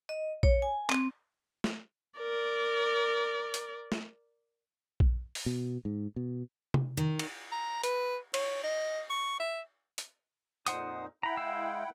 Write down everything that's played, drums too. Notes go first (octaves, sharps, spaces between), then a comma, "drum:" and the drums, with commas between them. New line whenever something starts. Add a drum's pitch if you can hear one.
D#5
C#5, drum: kick A#1
G#5
C4, drum: clap
drum: snare
A#4 D5
drum: hi-hat
drum: snare
drum: kick A#1
drum: open hi-hat
B2
G#2
B2
drum: tom C3
D#3
drum: cymbal
A#5
B4, drum: hi-hat
C#5, drum: cymbal
D#5
C#6
E5
drum: hi-hat
F2 A#2 D#4 C5 F#5 D#6, drum: hi-hat
E4 F#5 G5 A#5 B5
G#3 F5 E6